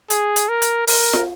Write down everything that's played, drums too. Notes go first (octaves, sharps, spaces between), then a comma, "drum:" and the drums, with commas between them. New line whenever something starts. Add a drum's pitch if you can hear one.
G#4, drum: hi-hat
drum: hi-hat
A#4
drum: hi-hat
A#4, drum: open hi-hat
drum: snare